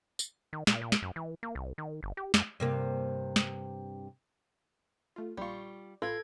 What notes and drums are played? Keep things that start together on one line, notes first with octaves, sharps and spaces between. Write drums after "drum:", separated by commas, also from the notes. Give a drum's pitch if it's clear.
drum: tambourine
D#3
A#2, drum: snare
A#2
drum: snare
F#2
E3
A#3
C2
D#3
G1
G4
F#2, drum: snare
G2 C3 A#3
drum: snare
A3 F4
A#1 G3 F4 C#6
A1 F4 A4 B4 G#6